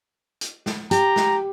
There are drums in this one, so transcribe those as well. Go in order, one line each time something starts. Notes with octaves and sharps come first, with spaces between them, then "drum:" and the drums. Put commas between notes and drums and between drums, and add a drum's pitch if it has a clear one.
drum: hi-hat
drum: snare
G4 A#5, drum: hi-hat
drum: snare